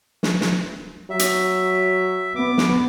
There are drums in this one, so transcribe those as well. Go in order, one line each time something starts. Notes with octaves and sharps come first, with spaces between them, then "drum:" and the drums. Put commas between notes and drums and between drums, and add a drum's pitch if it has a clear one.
drum: snare
drum: snare
F#3 E5
drum: hi-hat
B3 D6
drum: snare